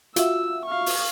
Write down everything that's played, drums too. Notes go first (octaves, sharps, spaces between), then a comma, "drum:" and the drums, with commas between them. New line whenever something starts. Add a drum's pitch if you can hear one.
F4 F#4 E5 E6, drum: hi-hat
F5 C#6
drum: open hi-hat